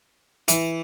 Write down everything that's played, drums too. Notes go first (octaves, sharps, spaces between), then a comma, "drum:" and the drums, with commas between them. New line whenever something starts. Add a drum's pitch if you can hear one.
E3, drum: hi-hat